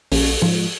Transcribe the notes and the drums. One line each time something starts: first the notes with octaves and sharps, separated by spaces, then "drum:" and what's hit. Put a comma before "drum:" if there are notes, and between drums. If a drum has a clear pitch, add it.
A#1 C#4, drum: open hi-hat
G#2 F3